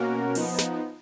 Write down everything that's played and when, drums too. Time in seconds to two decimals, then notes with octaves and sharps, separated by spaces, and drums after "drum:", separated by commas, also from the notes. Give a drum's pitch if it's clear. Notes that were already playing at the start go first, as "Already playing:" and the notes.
Already playing: B2 A#3 C#4 F#4 A#4
0.35 F3 B3 D#4, drum: open hi-hat
0.58 drum: snare